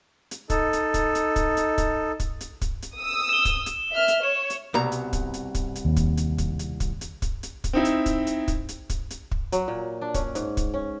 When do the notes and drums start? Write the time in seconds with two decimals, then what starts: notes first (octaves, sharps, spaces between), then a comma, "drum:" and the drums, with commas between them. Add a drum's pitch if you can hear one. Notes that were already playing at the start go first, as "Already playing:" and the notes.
0.31 drum: hi-hat
0.50 D#4 A4, drum: kick, hi-hat
0.73 drum: hi-hat
0.94 drum: kick, hi-hat
1.15 drum: hi-hat
1.36 drum: kick, hi-hat
1.57 drum: hi-hat
1.78 drum: kick, hi-hat
2.20 drum: kick, hi-hat
2.41 drum: hi-hat
2.61 drum: kick, hi-hat
2.82 drum: hi-hat
2.96 D#6 E6
3.29 E7 G7
3.45 drum: kick, hi-hat
3.66 drum: hi-hat
3.92 E5 F6
4.08 drum: hi-hat
4.23 C#5 E7
4.50 drum: hi-hat
4.74 C2 B2 A#5
4.92 drum: hi-hat
5.13 drum: kick, hi-hat
5.34 drum: hi-hat
5.55 drum: kick, hi-hat
5.76 drum: hi-hat
5.85 D#2
5.96 drum: kick, hi-hat
6.17 drum: hi-hat
6.38 drum: kick, hi-hat
6.59 drum: hi-hat
6.80 drum: kick, hi-hat
7.01 drum: hi-hat
7.22 drum: kick, hi-hat
7.43 drum: hi-hat
7.64 drum: kick, hi-hat
7.73 C4 D#4 E4
7.85 drum: hi-hat
8.06 drum: kick, hi-hat
8.27 drum: hi-hat
8.48 drum: kick, hi-hat
8.69 drum: hi-hat
8.90 drum: kick, hi-hat
9.10 drum: hi-hat
9.31 drum: kick
9.52 F#3, drum: hi-hat
9.68 A#2
10.02 D4
10.14 C#4, drum: kick, hi-hat
10.35 G#2, drum: hi-hat
10.57 drum: kick, hi-hat
10.74 C#4